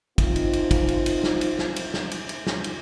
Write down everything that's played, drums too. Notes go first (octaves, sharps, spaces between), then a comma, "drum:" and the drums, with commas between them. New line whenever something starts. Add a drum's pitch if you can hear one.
C4 D#4 F4, drum: kick, cymbal
drum: cymbal
drum: cymbal
drum: kick, cymbal
drum: cymbal
drum: cymbal
drum: snare
drum: cymbal
drum: snare
drum: cymbal
drum: snare
drum: cymbal
drum: cymbal
drum: snare
drum: cymbal